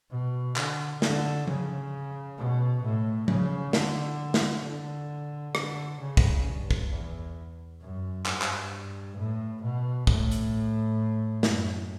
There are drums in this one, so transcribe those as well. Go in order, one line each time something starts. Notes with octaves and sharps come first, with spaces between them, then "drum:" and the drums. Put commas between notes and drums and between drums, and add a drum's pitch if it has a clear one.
B2
D3, drum: clap
D3, drum: snare
C#3, drum: tom F3
B2
A2
C#3, drum: tom F3
D3, drum: snare
drum: snare
D3
D3, drum: rim click
C#3
drum: kick
G2
drum: kick
E2
F#2
G2, drum: clap
drum: clap
A2
B2
A2, drum: kick
drum: hi-hat
F#2, drum: snare